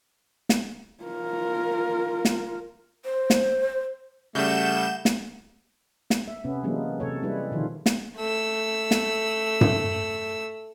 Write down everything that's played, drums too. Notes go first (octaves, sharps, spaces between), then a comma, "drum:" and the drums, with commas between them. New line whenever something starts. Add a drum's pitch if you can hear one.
drum: snare
F4 A#4
drum: snare
C5
drum: snare
C#3 G3 A3 F#4 G6 E7
drum: snare
drum: snare
E5
C3 B3 C#4
E3 F#3 G#3 A#3 B3 D4
C3 A4 C#5
G3 G#3 D4 E4 B4
B2 D3 D#3 F3 F4
drum: snare
A3 E6
drum: snare
drum: tom G2